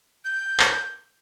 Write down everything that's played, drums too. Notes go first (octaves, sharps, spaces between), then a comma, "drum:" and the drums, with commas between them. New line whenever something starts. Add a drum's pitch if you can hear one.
G6
drum: clap